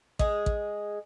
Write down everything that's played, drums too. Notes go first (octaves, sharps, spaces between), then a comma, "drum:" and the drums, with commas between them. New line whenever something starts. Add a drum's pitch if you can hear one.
G#3 G#4, drum: kick A1
drum: kick A1